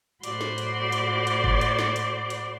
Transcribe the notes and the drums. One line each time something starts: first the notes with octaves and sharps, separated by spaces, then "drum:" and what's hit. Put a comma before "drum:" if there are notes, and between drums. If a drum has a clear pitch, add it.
A2 F#4 C5 D5 B5 C6, drum: hi-hat
drum: snare
drum: hi-hat
drum: hi-hat
drum: hi-hat
drum: kick G1
drum: hi-hat
drum: snare
drum: hi-hat
drum: hi-hat